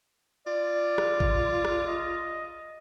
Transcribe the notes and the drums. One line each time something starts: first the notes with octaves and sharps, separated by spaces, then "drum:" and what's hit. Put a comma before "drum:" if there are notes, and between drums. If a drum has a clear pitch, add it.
F4 D5
drum: rim click
drum: kick
drum: rim click
D#5